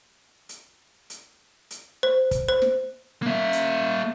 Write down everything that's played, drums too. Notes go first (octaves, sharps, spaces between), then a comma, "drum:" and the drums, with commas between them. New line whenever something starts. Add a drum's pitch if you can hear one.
drum: hi-hat
drum: hi-hat
drum: hi-hat
C5
drum: kick, hi-hat
C5
drum: snare
A#3 E5
drum: hi-hat